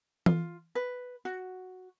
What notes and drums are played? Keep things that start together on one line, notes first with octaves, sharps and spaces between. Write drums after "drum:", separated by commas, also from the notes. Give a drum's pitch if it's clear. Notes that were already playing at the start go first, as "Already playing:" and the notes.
F4, drum: tom E3
B4
F#4